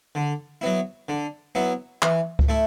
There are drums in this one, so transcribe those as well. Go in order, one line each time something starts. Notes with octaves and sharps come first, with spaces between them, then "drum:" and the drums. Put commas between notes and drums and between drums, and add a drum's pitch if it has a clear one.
D3
F#3 B3 E4
D3
F#3 B3 E4
E3, drum: clap
drum: kick C#2
A3 E4